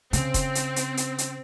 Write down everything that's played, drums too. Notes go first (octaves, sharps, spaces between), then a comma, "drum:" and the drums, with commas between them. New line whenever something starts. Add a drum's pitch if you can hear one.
C#3 C4, drum: hi-hat
drum: kick F1, hi-hat
drum: hi-hat
drum: hi-hat
drum: hi-hat
drum: hi-hat